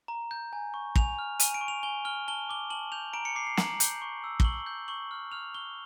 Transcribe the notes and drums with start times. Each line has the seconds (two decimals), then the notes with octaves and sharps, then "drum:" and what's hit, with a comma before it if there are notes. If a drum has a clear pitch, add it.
0.08 A#5
0.31 G6
0.53 G#5
0.74 C#6
0.96 G#5 F7, drum: kick
1.19 F6
1.40 G#5 D#7, drum: hi-hat
1.54 D7
1.61 C#6
1.68 F7
1.83 G#5 G7
2.05 F6 G7
2.28 A5 G7
2.49 D6 G7
2.70 A5 F#7
2.92 G6 F7
3.14 A#5 D7
3.25 C#7
3.35 D6 C7
3.47 C7
3.57 A#5 F#7, drum: snare
3.80 G6, drum: hi-hat
4.02 C#6
4.24 E6
4.40 G7, drum: kick
4.45 C#6 F#7
4.66 G6
4.88 C#6 F#7
5.11 F6
5.32 F6 F7
5.55 C#6 G7